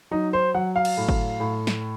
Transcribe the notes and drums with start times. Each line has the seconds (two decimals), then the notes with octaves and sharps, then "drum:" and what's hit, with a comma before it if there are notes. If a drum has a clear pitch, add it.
0.11 F#3 D#4
0.33 C5
0.54 F#3 F#5
0.76 F5
0.85 drum: cymbal
0.97 A2
1.09 drum: kick G1
1.40 A2
1.67 drum: snare